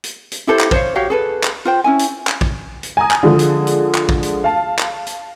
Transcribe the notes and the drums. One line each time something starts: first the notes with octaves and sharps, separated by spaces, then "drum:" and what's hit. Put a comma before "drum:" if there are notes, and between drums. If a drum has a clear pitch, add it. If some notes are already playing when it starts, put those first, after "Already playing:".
drum: hi-hat
drum: hi-hat
E4 G4 A4 C5
drum: clap
C5 C#5 F5, drum: kick
F#4 G4 C#5 F5
G#4 A4 B4
drum: clap
F4 C5 G5
C#4 E4 G#5
drum: hi-hat
drum: clap
drum: kick
drum: hi-hat
G#5 A#5 D#6
drum: clap
D3 F3 G#3
drum: hi-hat
drum: hi-hat
drum: clap
drum: kick
drum: hi-hat
F5 A5
drum: clap
drum: hi-hat